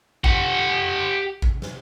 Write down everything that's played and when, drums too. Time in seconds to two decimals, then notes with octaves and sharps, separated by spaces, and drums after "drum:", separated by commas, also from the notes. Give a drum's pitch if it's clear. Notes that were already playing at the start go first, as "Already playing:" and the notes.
0.24 G4 F#5, drum: kick A1
1.42 drum: kick A1
1.62 drum: snare